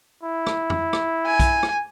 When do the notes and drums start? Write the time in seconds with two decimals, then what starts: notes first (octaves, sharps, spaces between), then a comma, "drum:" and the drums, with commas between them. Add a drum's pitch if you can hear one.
0.23 E4
0.47 drum: rim click
0.70 drum: tom F2
0.93 drum: rim click
1.26 G#5
1.40 drum: kick, hi-hat
1.63 drum: rim click